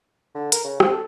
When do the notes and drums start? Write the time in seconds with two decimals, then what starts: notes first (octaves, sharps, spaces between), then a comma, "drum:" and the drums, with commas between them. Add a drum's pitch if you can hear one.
0.35 D3
0.52 A#4, drum: hi-hat
0.64 C#3
0.80 C4, drum: rim click
0.92 A4